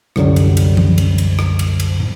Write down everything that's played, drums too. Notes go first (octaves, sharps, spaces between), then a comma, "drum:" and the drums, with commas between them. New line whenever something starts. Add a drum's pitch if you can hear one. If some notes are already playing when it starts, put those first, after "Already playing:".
C2 F#2 D3 F#3 G3, drum: rim click
drum: cymbal
drum: cymbal
drum: tom E3
drum: cymbal
drum: cymbal
drum: rim click
drum: cymbal
drum: cymbal
drum: tom